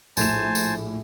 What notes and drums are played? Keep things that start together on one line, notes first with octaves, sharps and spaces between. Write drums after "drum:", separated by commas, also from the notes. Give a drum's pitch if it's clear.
A#1 A2 C5 G#5 A5 E7, drum: tambourine
drum: tambourine